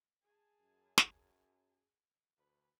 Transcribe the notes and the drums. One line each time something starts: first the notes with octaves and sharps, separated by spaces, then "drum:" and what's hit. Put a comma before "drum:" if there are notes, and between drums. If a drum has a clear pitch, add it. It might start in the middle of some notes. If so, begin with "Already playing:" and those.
G#4 G#5 A5
F#2
drum: snare
D2 B4